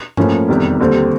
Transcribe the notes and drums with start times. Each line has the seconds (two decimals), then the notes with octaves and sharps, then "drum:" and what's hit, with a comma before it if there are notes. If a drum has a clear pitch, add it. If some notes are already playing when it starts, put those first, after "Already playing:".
0.17 A2 F3 A#3 C#4, drum: tom G2
0.49 F1 E2 C3 D#3 G3
0.80 D#2 D3 G3 C4